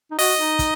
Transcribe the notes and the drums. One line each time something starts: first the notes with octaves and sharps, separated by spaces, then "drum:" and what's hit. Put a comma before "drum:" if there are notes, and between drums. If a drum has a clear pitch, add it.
D#4
F#4 D#5, drum: open hi-hat
D#4
drum: kick, hi-hat